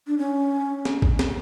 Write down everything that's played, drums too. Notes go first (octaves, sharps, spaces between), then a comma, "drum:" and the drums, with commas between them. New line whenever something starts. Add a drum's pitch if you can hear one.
D4
C#4
drum: snare
drum: kick A1
drum: snare